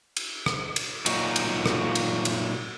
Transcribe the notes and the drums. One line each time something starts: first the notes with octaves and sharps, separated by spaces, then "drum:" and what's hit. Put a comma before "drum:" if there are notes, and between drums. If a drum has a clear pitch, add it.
drum: cymbal
drum: rim click
drum: cymbal
A#2 F#3 D#4 F#4, drum: cymbal
drum: cymbal
drum: rim click
drum: cymbal
drum: cymbal